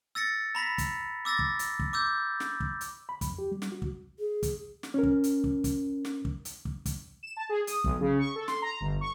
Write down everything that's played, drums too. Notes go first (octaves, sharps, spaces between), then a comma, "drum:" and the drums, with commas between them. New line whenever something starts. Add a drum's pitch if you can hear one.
E6 A6 A#6 C#7
A#5 B5 A#6 B6
drum: kick, hi-hat
D6 E6 A6 A#6
drum: kick
drum: hi-hat
drum: kick
D6 E6 G6
drum: snare
drum: kick
drum: hi-hat
B5
F2, drum: kick, hi-hat
G4
G3
drum: snare
F#4
drum: kick
G#4
drum: kick, hi-hat
drum: snare
C#4 A#4
drum: kick
drum: hi-hat
drum: kick
drum: kick, hi-hat
drum: snare
drum: kick
drum: hi-hat
drum: kick
drum: kick, hi-hat
E7
A5
G#4
D#6, drum: hi-hat
B1, drum: kick
C#3
C#6
A4
C6, drum: snare
A#5
G1
C#6